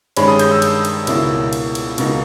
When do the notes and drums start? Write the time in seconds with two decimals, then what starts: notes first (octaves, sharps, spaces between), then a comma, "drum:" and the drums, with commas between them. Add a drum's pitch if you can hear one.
0.17 G2 D#3 G#3 C#4 B5, drum: cymbal
0.28 D#6
0.39 G6, drum: cymbal
0.51 E6
0.62 E6, drum: cymbal
0.85 drum: cymbal
1.07 C#2 B2 A#3 E4, drum: cymbal
1.53 drum: cymbal
1.75 drum: cymbal
1.98 C#2 B2 A#3 D#4, drum: cymbal